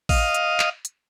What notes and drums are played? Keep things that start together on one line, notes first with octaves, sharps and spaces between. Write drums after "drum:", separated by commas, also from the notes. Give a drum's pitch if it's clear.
D#5 F5, drum: kick A1, open hi-hat
drum: hi-hat
drum: clap
drum: hi-hat